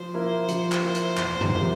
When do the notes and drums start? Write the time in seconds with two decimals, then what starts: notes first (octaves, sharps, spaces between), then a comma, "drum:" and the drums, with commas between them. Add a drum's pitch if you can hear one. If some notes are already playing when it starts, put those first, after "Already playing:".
Already playing: F3 C5
0.14 A#3 E4 A#4
0.49 F3, drum: hi-hat
0.72 drum: clap
0.84 A#3 E4 A#4
0.95 drum: hi-hat
1.17 E2, drum: clap
1.41 drum: tom
1.53 C3 F3 A#3 E4